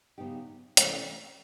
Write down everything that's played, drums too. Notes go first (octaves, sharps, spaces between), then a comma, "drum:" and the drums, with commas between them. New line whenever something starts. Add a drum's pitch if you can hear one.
C#3 F#3 B3 D#4 G4
C3 E3 A3 C#4 E4, drum: hi-hat